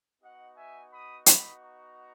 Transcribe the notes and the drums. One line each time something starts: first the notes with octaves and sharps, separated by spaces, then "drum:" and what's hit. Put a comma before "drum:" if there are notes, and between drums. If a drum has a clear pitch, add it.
B3 D#4 F#4 D#5 F#5
E5 G#5
B5 D#6
B5 D#6, drum: hi-hat
A#5 C#6